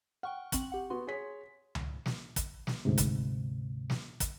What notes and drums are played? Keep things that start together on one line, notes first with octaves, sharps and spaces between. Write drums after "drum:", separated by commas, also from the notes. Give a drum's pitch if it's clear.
F#5 G5 C#6 F6
C4 C#6 F#7, drum: kick, hi-hat
G4 F#5
B3 F#4 C6
G#4 C#5 B6
drum: tom C#2
drum: snare
drum: kick, hi-hat
drum: snare
D2 G#2 C3
drum: kick, hi-hat
drum: snare
drum: kick, hi-hat